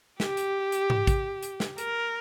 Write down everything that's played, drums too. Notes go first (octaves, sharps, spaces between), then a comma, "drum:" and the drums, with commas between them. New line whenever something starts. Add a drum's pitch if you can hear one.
G4, drum: snare
drum: hi-hat
drum: hi-hat
drum: tom G#2
drum: kick, hi-hat
drum: hi-hat
drum: snare
A#4, drum: hi-hat